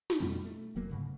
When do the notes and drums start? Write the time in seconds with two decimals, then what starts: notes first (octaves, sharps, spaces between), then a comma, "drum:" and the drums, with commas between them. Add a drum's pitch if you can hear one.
0.10 drum: snare
0.20 F2 B2 G3 A3
0.45 A3
0.76 E1 F#3 A#3
0.91 D2 G#2 C#3